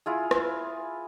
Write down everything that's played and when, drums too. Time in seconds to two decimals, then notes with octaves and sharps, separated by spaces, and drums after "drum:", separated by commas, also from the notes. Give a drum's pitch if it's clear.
0.06 E4 F4 G#4
0.31 drum: rim click